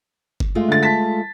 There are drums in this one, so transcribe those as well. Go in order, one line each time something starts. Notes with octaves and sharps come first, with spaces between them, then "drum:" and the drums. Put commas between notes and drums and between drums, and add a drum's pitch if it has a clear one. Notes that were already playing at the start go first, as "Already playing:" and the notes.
drum: kick F#1
G#3 A3 F4
D3 A6
A5 A6 B6